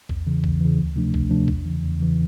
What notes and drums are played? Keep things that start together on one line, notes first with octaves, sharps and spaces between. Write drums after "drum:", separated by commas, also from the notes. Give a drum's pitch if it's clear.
E2, drum: kick A#1
C#3 E3
E2, drum: kick A#1
C#3 E3
D2
C3 F3 A3 D4
D2, drum: kick A#1
C3 F3 A3 D4
E2, drum: kick A#1
C#3 E3
E2
C#3 E3